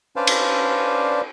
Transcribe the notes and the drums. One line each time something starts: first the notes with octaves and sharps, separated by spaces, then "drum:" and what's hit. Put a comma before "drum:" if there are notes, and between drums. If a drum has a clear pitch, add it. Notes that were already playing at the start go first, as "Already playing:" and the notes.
C#4 D4 B4 C5 D5 F5
drum: cymbal